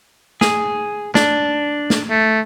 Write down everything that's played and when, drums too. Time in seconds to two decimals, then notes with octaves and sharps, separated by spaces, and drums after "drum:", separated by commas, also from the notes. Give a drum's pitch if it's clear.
0.41 G#4, drum: snare
1.15 D4, drum: snare
1.90 drum: snare
2.10 A3